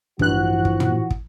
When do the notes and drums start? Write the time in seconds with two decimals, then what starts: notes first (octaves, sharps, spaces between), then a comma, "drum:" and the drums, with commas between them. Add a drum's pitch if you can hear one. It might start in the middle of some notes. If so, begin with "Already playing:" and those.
0.19 A1 G2 E3 F3 F#4 F#6, drum: kick
0.65 drum: kick
0.80 drum: tom
1.10 drum: kick